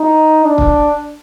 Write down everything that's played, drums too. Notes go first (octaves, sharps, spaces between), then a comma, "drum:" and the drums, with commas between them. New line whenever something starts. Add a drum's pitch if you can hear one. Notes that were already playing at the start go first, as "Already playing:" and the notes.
Already playing: D#4
D4
drum: kick